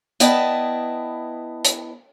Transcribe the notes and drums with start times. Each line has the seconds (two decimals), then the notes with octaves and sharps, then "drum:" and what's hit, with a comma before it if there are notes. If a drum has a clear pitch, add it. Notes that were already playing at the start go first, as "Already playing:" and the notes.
0.20 B3 E4 D5 D#5 G5 A5, drum: hi-hat
1.65 drum: hi-hat